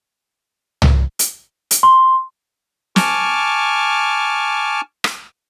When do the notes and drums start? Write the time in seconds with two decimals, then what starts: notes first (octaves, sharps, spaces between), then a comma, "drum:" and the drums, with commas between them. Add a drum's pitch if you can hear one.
0.82 drum: tom
1.19 drum: hi-hat
1.71 drum: hi-hat
1.83 C6
2.96 G#5 A5 C#6 D6 F6, drum: snare
5.04 drum: rim click